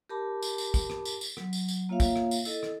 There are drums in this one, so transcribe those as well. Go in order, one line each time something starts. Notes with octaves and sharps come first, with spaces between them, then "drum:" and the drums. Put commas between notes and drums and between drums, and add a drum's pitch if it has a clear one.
G4 A#4 A5 B5 D6
drum: tambourine
drum: tambourine
drum: kick, tambourine
drum: rim click
drum: tambourine
drum: tambourine
F#3, drum: rim click
drum: tambourine
drum: tambourine
A#3 F4 C#5 E5 F5
drum: kick, tambourine
drum: rim click
drum: tambourine
E4 A4 D#5, drum: tambourine
drum: rim click